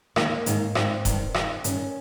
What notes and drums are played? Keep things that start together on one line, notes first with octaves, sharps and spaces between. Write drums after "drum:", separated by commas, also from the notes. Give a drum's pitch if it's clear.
D#2 D#3 A#3, drum: rim click
G#2 D#3, drum: hi-hat
G#2 D#3 C4, drum: rim click
G2 D#3, drum: kick D#1, hi-hat
G2 D#3, drum: rim click
G2 D#3 C#4, drum: hi-hat